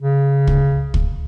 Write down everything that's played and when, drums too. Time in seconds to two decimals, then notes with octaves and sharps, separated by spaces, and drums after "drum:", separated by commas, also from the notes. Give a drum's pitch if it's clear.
0.01 C#3
0.47 drum: kick
0.94 drum: kick